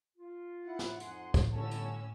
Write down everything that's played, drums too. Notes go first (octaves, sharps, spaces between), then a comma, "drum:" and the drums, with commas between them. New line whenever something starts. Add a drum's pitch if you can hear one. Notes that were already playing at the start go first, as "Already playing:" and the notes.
F4
E4 F#5
drum: snare
F2 D#4 G#5 C6, drum: hi-hat
drum: kick, hi-hat
G1 A2 D3 C#4 A4 A5 E6
drum: hi-hat